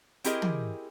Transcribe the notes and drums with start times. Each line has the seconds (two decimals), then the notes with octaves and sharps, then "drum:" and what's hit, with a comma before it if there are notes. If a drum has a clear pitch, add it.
0.24 C4 E4 G4 G#4 A#4 D#5, drum: hi-hat
0.42 drum: tom